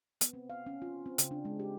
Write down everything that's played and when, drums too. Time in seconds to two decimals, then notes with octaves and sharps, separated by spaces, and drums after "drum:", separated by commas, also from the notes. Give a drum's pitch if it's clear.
0.21 B3, drum: hi-hat
0.33 C4
0.50 F5
0.66 C#4
0.82 F4
1.06 C4
1.18 C#3, drum: hi-hat
1.31 D4
1.45 G#3
1.60 G4